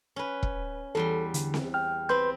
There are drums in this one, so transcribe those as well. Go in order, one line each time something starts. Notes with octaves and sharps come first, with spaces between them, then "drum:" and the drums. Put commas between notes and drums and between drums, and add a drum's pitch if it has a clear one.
C#4 B4
drum: kick E1
E2 G3 A4 C6
D3, drum: hi-hat
drum: snare C4
G5 F6
C4 B4 B5 C6 G6